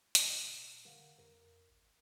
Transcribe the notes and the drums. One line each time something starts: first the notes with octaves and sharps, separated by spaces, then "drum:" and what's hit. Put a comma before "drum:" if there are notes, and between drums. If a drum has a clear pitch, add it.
B2, drum: hi-hat
D3 A#4 F5 F#5
F2 A#4
G#1